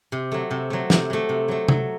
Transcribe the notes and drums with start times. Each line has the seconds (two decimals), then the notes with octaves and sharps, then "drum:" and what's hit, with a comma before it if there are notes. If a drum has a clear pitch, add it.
0.12 C3
0.32 F#3 A3
0.51 C3
0.70 F#3 A3
0.90 C3, drum: snare
1.10 F#3 A3
1.29 C3
1.48 F#3 A3
1.68 F#3, drum: tom C3